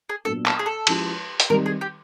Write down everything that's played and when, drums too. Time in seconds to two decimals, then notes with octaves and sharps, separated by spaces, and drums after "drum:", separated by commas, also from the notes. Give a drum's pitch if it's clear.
0.09 G#4
0.25 A#2 F#3 B3 D4 A4
0.46 A4, drum: clap
0.59 G#4
0.66 A4
0.87 F3 G#3 C#4 E4 G4, drum: cymbal
1.40 drum: hi-hat
1.50 D#3 G3 C4 D#4 G4 A#4
1.66 G#4
1.81 G4